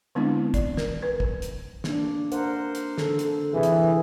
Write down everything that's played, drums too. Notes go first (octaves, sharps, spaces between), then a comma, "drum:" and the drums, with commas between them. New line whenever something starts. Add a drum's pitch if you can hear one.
D3 G#3 B3 C4 D4 E4
D5, drum: kick, hi-hat
A#4, drum: snare
B4
drum: kick
drum: hi-hat
A#3 D4, drum: snare
A#4 C5 F#5, drum: hi-hat
drum: hi-hat
D3 A4, drum: snare
drum: hi-hat
C3 E3 C4 G#4
drum: hi-hat